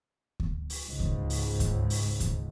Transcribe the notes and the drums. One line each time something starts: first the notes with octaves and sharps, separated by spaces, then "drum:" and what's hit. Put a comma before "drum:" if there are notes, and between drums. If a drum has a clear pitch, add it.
drum: kick D2
drum: open hi-hat
C#2 G#2
drum: kick D2
drum: open hi-hat
drum: kick D2, hi-hat
drum: open hi-hat
drum: kick D2, hi-hat